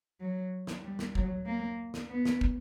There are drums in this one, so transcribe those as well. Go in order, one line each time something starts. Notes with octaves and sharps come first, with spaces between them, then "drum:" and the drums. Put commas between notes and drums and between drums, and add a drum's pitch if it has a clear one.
F#3
drum: snare
G3
drum: snare
F#3, drum: kick
A#3
drum: snare
B3
drum: snare
drum: kick